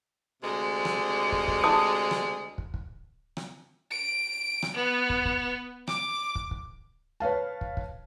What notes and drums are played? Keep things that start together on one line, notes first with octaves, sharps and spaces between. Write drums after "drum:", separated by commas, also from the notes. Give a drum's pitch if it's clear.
D2 C3 G#3
drum: rim click
drum: kick
drum: kick
A5 D#6
drum: rim click
drum: kick
drum: kick
drum: rim click
D7
drum: rim click
B3
drum: kick
drum: kick
D6, drum: rim click
drum: kick
drum: kick
B4 C#5 F5 A5
drum: kick
drum: kick